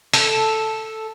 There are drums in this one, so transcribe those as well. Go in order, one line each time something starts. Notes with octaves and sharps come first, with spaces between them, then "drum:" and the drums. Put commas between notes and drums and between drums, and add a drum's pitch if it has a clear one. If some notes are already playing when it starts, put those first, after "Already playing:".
A4, drum: open hi-hat